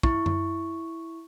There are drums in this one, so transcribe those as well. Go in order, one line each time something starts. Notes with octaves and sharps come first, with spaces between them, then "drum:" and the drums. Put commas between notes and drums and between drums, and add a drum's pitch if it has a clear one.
E4 C#6, drum: kick
drum: tom F#2